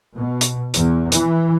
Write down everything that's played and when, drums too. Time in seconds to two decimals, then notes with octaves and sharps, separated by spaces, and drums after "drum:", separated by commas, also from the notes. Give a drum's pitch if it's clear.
0.14 B2
0.41 drum: hi-hat
0.74 E2, drum: hi-hat
1.12 E3, drum: hi-hat